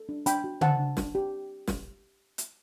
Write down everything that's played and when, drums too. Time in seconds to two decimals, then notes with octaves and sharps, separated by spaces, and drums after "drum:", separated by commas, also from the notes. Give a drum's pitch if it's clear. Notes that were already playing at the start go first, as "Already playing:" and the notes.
Already playing: A4
0.09 D4
0.26 D4 G5 B5, drum: hi-hat
0.44 F#4
0.61 C5 F#5 A5, drum: tom C#3
0.79 D4
0.97 D4, drum: snare
1.15 G4
1.68 drum: snare
2.38 drum: hi-hat